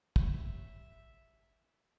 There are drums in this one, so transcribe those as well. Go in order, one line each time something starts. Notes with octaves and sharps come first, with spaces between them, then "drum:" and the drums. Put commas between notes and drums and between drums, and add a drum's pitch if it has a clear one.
G4 C#5 E5 B5, drum: kick